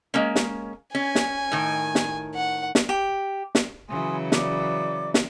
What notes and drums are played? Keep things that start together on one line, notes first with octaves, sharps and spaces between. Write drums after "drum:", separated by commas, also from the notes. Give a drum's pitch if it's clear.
G#3 A#3 C#4
drum: snare
C#4 G#5
drum: snare
A2 D#3
drum: snare
F#5
drum: snare
G4
drum: snare
C#3 E3 F#3 G#5 C6 D#6
D5 D6, drum: snare
drum: snare